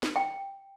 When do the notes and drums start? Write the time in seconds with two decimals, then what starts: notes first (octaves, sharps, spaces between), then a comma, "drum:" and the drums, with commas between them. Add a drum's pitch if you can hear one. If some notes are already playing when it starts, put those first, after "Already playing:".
0.03 drum: snare
0.16 G5